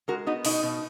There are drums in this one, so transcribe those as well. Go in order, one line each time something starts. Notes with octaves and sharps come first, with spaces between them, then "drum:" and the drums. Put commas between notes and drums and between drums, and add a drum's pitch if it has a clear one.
G#3 F#4 A#4
B3 D#4 F#4
B2 D#4, drum: open hi-hat
B2